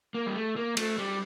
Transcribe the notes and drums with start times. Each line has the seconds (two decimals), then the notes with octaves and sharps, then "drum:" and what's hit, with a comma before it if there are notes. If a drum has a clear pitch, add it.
0.15 A#3
0.27 G3
0.36 A3
0.56 A#3
0.77 A3, drum: cymbal
0.98 G3